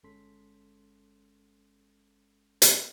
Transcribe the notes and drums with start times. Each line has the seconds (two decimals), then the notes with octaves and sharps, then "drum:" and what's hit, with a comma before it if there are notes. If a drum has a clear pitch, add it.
0.03 G1 G#3 C#4 A4 C6 B6
2.62 drum: hi-hat